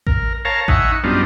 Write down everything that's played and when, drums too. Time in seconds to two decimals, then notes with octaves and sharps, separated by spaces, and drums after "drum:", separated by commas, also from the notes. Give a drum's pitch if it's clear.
0.07 A#4, drum: kick A1
0.45 A#4 C#5 F5 A5 A#5
0.68 D#4 E5 F#5 G#5 C#6, drum: kick A1
1.04 F#2 G3 B3 D4 D#4 F4